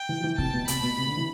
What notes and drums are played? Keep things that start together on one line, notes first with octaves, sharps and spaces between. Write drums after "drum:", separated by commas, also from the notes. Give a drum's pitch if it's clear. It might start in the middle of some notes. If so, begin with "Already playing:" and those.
Already playing: G5
E3
F3
E3
C3 A5, drum: kick
B2
C3 B5, drum: hi-hat
B2
C3
D3
E3